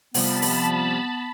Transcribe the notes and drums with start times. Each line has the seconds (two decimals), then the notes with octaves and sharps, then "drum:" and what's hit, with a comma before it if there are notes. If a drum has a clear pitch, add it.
0.14 C3 F3 G3 B3 A5 B5, drum: open hi-hat
0.42 drum: open hi-hat